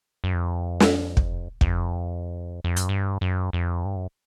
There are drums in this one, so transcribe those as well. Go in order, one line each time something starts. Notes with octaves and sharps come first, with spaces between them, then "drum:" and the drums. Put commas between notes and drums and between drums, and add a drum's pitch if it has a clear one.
F#2
F2
drum: snare
drum: kick
F2, drum: kick
F2
F#2, drum: hi-hat
G2
F#2
F2
G2
F#2